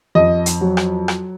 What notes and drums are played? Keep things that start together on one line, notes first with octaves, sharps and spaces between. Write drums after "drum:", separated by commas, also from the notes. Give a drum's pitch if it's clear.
F2 D#5
drum: hi-hat
F#3
drum: rim click
drum: rim click